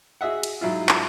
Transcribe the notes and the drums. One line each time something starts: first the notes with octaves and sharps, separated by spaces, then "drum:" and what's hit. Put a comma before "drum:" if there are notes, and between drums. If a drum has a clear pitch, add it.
F#4 G#4 D#5 E5 F#5
drum: cymbal
G#2 F#3 E4 F4
drum: clap